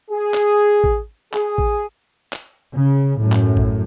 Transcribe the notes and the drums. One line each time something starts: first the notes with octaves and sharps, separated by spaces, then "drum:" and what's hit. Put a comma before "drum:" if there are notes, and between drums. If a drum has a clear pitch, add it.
G#4
drum: clap
drum: kick A1
G#4, drum: clap
drum: kick A1
drum: clap
C#3
F#2 A2
drum: clap
drum: kick A1